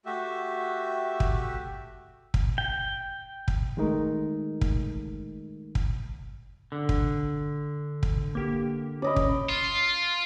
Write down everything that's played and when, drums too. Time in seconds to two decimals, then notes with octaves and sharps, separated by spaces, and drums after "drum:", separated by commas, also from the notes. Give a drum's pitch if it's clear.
0.06 A3 F#4 G4 E5
1.20 drum: kick
2.34 drum: kick
2.58 G5
3.48 drum: kick
3.77 D#3 G#3 A3 D#4 A#4
4.61 drum: kick
5.75 drum: kick
6.72 D3
6.89 drum: kick
8.03 drum: kick
8.35 A#3 G4
9.02 C#4 D5 D#5 B5
9.16 drum: kick
9.49 F4